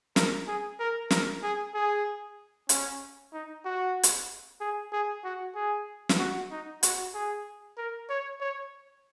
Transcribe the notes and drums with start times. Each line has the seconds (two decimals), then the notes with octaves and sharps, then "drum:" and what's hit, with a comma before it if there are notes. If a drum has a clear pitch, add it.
0.16 A#4, drum: snare
0.48 G#4
0.79 A#4
1.10 A#4, drum: snare
1.43 G#4
1.75 G#4
2.69 C#4, drum: hi-hat
3.33 D#4
3.65 F#4
4.03 drum: hi-hat
4.61 G#4
4.92 G#4
5.24 F#4
5.55 G#4
6.09 drum: snare
6.19 F#4
6.51 D#4
6.83 F#4, drum: hi-hat
7.14 G#4
7.77 A#4
8.10 C#5
8.41 C#5